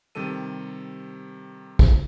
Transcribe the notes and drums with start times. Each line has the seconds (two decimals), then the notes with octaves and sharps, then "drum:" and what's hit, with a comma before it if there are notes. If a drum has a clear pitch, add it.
0.15 C3 D#3 G3 A4 D#7
1.79 drum: kick